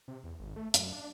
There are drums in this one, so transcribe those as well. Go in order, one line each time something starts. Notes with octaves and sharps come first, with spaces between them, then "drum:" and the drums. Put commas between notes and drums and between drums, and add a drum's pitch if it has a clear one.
C3
E2
G#1
A3
F#2, drum: hi-hat
D4